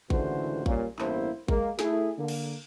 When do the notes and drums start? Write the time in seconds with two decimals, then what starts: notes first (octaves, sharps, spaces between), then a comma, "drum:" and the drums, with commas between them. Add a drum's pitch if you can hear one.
0.10 C#2 A2 D3 E3 F#4 C5, drum: kick G#1
0.66 A#2 G3 A#3 C#4, drum: kick G#1
0.99 A1 G2 A#3 B3 E4 C5, drum: clap
1.48 G#3 A#3, drum: kick G#1
1.79 A3 E4 G#4, drum: snare
2.18 D3 A#3
2.28 drum: cymbal